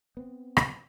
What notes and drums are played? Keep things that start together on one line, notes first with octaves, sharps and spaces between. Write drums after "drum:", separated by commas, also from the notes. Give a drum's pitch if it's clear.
B3 C4
drum: rim click